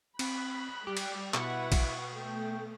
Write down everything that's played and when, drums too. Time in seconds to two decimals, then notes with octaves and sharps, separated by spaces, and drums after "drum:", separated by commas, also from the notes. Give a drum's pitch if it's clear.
0.19 C4 B5 F#6, drum: cymbal
0.87 G3 G4 D6
0.97 drum: cymbal
1.34 B2 E4 B4 F#5 C#6, drum: clap
1.72 drum: kick A#1, cymbal
2.13 A3 G5